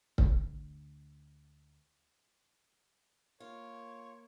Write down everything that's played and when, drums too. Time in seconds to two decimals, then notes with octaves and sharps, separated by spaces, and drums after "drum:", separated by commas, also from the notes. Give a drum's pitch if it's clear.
0.18 D2 D3, drum: kick C#1
3.40 A#3 F4 C#5